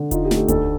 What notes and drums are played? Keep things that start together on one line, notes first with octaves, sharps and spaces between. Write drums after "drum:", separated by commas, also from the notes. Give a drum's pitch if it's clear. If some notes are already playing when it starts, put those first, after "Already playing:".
Already playing: D3
D#4 F4, drum: kick E1, hi-hat
G4
A3, drum: snare
G4
D2 A4, drum: kick E1, hi-hat